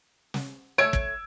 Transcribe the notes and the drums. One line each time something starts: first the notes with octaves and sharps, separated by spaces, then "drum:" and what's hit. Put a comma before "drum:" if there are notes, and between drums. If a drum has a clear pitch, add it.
drum: snare
A3 C#5 E6 G#6 D7
drum: kick